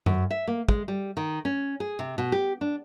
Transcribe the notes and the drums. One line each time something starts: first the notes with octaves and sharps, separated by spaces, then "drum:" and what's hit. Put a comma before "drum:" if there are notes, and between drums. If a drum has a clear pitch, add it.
F#2, drum: tom G2
E5
A#3
G#3, drum: kick
G3
D#3
C#4
G#4
C3
B2
G4
D4